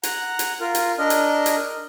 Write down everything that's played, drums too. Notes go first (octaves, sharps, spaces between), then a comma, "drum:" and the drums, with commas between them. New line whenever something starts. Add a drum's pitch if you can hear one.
F#5 A#5, drum: hi-hat
drum: hi-hat
F4 A#4
drum: hi-hat
D4 A#4 D#5
drum: hi-hat
drum: hi-hat